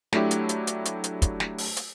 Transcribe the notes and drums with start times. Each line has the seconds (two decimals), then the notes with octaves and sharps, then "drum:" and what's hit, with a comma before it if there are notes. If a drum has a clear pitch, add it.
0.13 F#3 A3 D4 E4 G4, drum: snare
0.31 drum: hi-hat
0.49 drum: hi-hat
0.67 drum: hi-hat
0.85 drum: hi-hat
1.04 drum: hi-hat
1.22 drum: kick, hi-hat
1.40 drum: snare
1.58 drum: open hi-hat
1.77 drum: hi-hat